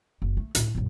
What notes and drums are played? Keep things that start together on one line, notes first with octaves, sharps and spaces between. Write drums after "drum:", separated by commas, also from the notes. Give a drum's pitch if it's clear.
F#1
A3
C#2 A2, drum: hi-hat
A#1 F#2